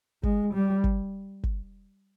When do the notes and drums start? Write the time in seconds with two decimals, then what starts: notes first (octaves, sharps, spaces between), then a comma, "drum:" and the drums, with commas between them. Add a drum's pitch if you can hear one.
0.23 G#3, drum: kick
0.54 G3
0.84 drum: kick
1.44 drum: kick